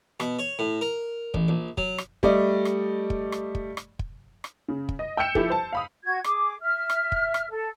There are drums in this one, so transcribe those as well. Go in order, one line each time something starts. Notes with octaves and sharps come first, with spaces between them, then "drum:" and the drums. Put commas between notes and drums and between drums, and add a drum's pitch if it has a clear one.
B2, drum: rim click
C#5
A2
A#4
A1, drum: kick
A#1
F#3, drum: kick
drum: rim click
G3 A3 D5 D#5, drum: kick
drum: rim click
drum: kick
drum: rim click
drum: kick
drum: rim click
drum: kick
drum: rim click
C#3
drum: kick
D#5
G5 E6 G6 C#7 E7
F3 E4 G4 A4, drum: kick
C5 A5
F5 B5 D#6
F#4 G#6
G#4 D6, drum: rim click
E5 F6
drum: rim click
drum: kick
drum: rim click
A4